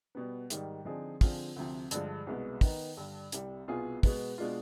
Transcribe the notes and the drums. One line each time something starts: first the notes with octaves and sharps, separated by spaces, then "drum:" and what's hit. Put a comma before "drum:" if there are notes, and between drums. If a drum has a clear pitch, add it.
B2 G3 B3
G#2 D#3 G3, drum: hi-hat
D3 F3 C4 D#4 G#4
D3 F3 C4 F4 G#4, drum: kick, open hi-hat
D2 C3 F3
G2 D3 F3 G#3, drum: hi-hat
C2 B2 G#3 B3
D#3 B3 D#4, drum: kick, open hi-hat
G2 D3 G3
C2 C3 G3, drum: hi-hat
C2 B2 B3 F4 G#4
B2 G#3 B3, drum: kick, open hi-hat
B2 G#3 D4 F4